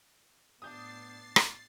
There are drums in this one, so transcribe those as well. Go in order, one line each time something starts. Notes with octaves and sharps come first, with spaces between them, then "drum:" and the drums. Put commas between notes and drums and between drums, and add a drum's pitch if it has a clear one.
A2 B3 D4 D#6 G6 A6 C7
drum: rim click